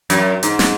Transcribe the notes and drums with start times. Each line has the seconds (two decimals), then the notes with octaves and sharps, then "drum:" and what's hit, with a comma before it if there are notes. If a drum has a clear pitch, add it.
0.10 F#2, drum: hi-hat
0.43 G#2, drum: hi-hat
0.59 drum: snare